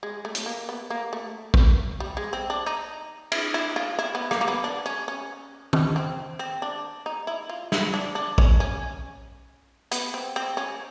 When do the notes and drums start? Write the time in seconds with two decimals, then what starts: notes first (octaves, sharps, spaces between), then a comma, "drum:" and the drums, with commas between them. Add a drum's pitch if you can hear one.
0.03 G#3
0.25 A3
0.35 drum: hi-hat
0.46 A#3
0.69 B3
0.90 A#3
1.13 A3
1.54 drum: kick
2.00 G3
2.17 G#3
2.33 C4
2.50 D4
2.66 D#4
3.32 E4, drum: cymbal
3.54 E4
3.76 F4
3.99 E4
4.15 B3
4.31 A#3, drum: rim click
4.41 A#3
4.48 B3
4.64 D4
4.86 C#4
5.08 C#4
5.73 drum: tom
5.96 C4
6.39 C4
6.62 D4
7.06 D#4
7.27 E4
7.49 F4
7.72 E4, drum: snare
7.94 D4
8.15 D4
8.38 C#4, drum: kick
8.60 C#4
9.91 B3, drum: hi-hat
10.14 C4
10.36 C4
10.57 C#4